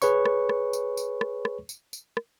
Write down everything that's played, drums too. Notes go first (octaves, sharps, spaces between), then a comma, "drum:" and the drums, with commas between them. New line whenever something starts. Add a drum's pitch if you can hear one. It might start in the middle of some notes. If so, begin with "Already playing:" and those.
G#4 B4 C#5 C#6, drum: tambourine
drum: rim click
drum: rim click
drum: tambourine
drum: tambourine
drum: rim click
drum: rim click
drum: tambourine
drum: tambourine
drum: rim click